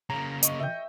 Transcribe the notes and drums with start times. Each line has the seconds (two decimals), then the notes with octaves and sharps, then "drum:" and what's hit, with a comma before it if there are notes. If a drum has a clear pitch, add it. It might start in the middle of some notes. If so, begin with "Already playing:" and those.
0.10 C#3 A#3 A#5
0.43 D#5 C#6, drum: hi-hat
0.59 E5 G5